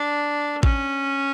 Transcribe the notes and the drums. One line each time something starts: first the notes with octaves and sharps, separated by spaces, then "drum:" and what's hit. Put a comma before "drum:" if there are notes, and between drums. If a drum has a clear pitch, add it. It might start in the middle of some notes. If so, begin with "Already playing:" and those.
Already playing: D4
C#4, drum: kick A1